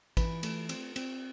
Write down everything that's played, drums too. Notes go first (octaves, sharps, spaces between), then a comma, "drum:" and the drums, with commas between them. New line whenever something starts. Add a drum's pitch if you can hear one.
E3 B4, drum: kick, cymbal
A3, drum: cymbal
C4, drum: cymbal
C4, drum: cymbal